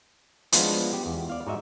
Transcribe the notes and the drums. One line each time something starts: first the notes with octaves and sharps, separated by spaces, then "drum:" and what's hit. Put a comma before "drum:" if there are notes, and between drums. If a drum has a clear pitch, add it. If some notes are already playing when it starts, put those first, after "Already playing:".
F3 G#3 B3 D4 E4 F4, drum: hi-hat
G4
E2
D5 F5
G#2 F#4 D#5 E5